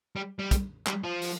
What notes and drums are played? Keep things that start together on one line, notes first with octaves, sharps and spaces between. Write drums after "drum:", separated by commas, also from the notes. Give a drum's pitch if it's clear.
G3
G3
drum: kick, hi-hat
G3, drum: clap
F3
drum: open hi-hat